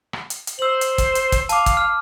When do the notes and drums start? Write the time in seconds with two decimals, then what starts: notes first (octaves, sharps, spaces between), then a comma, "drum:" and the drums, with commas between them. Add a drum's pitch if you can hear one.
0.13 drum: rim click
0.30 drum: hi-hat
0.47 drum: hi-hat
0.59 C5 E6 F#7
0.81 drum: hi-hat
0.98 drum: kick, hi-hat
1.15 drum: hi-hat
1.32 drum: kick, hi-hat
1.49 F5 A5 D6, drum: hi-hat
1.66 drum: kick, hi-hat
1.77 F6